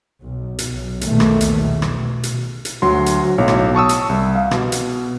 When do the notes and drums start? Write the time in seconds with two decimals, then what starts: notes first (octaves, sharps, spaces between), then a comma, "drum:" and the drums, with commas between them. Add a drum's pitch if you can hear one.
0.22 B1
0.59 B1, drum: hi-hat
1.01 B1 E2 A#2 D#3 A3, drum: hi-hat
1.20 drum: rim click
1.41 drum: hi-hat
1.68 B2
1.82 drum: rim click
2.23 drum: hi-hat
2.65 drum: hi-hat
2.82 D2 F#3 C6
3.06 drum: hi-hat
3.38 B1 A2 C#5 D6
3.48 drum: rim click
3.75 A5 C#6 D#6 E6
3.89 drum: hi-hat
4.09 C2
4.36 F5
4.51 B2, drum: rim click
4.72 drum: hi-hat